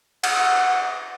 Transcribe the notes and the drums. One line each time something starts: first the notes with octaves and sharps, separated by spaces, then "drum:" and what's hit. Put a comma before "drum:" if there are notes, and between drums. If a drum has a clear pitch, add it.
F#5, drum: cymbal